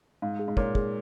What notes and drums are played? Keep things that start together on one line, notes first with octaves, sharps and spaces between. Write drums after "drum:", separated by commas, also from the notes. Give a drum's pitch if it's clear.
G#2 F5
G#4
G#2
A#2 C#5, drum: kick
G#4, drum: kick